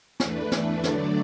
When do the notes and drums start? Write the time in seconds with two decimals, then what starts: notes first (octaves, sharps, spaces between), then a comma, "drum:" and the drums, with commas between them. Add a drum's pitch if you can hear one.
0.20 E2 E3 A3 D4 B4, drum: snare
0.52 drum: snare
0.83 D3 F#3 A3 D4 D5, drum: snare